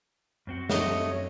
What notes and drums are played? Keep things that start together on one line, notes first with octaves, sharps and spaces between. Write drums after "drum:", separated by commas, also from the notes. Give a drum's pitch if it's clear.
F#2 C4 F#4
A3 C#5 D#5, drum: snare